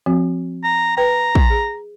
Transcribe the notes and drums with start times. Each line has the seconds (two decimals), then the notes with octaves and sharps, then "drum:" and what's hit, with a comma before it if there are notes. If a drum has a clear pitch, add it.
0.06 F3 C4 F#4
0.64 A#5
0.97 B4 G5 A#5
1.35 drum: kick
1.50 G#4